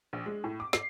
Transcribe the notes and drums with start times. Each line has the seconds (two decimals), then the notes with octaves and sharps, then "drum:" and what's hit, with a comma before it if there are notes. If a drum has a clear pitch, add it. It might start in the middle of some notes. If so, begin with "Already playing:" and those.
0.13 A#1
0.26 G#3
0.44 A2
0.60 D6
0.73 C7, drum: snare